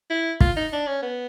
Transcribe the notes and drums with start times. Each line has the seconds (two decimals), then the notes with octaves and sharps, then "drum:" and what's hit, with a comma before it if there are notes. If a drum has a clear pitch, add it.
0.10 E4
0.41 F4, drum: kick
0.56 D#4
0.73 D4
0.87 C#4
1.02 B3